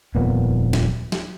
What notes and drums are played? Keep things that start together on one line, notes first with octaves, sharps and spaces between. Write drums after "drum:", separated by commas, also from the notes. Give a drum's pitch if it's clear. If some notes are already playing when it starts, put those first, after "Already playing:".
D#1 F2 A#2 B3
drum: snare
drum: snare